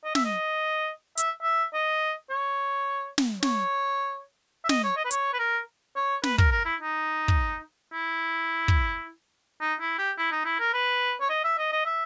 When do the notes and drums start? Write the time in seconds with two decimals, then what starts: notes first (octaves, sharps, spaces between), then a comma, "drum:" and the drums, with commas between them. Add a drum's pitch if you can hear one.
0.05 D#5
0.15 E5, drum: snare
0.25 D#5
1.18 E5, drum: hi-hat
1.43 E5
1.74 D#5
2.30 C#5
3.18 drum: snare
3.43 C#5, drum: snare
4.64 E5
4.69 D#5, drum: snare
4.83 C#5
4.97 D#5
5.05 B4
5.11 C#5, drum: hi-hat
5.33 B4
5.39 A#4
5.96 C#5
6.23 B4, drum: snare
6.38 A#4, drum: kick
6.52 A#4
6.65 E4
6.80 D#4
7.28 drum: kick
7.93 E4
8.68 drum: kick
9.61 D#4
9.81 E4
9.98 G4
10.18 E4
10.32 D#4
10.45 E4
10.60 A#4
10.74 B4
11.21 C#5
11.29 D#5
11.44 E5
11.58 D#5
11.72 D#5
11.86 E5